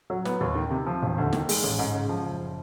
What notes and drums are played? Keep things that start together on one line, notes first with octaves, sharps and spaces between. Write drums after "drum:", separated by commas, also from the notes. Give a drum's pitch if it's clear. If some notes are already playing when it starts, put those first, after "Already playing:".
F#3
B3, drum: snare
D#2
D#3
C3
F3
E1
D2
D#3, drum: snare
G#3, drum: open hi-hat
A1
G#2
C#3
F3
F#1